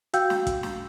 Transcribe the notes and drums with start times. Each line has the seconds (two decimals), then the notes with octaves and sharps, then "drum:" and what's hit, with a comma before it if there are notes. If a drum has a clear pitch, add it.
0.14 F#4 F5 G5 E6 G6, drum: hi-hat
0.30 drum: snare
0.47 drum: kick, hi-hat
0.63 drum: snare